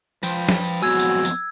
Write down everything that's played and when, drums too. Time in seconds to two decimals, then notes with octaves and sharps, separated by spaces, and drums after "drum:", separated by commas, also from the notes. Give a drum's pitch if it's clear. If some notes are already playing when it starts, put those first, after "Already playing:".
0.23 F3 B4 G5, drum: tambourine
0.49 drum: snare
0.82 F2 F#3 G#3 B3 F#4 G#5 E6 G#6
0.99 drum: tambourine
1.25 drum: tambourine